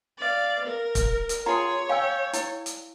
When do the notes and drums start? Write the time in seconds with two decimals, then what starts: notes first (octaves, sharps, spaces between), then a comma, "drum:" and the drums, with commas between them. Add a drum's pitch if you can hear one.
0.18 D5 F5
0.65 A#4
0.95 drum: kick, hi-hat
1.29 drum: hi-hat
1.46 F4 G#4 C#5 A#5 C6
1.89 F5 G5 G#5 E6
2.33 E4, drum: hi-hat
2.66 drum: hi-hat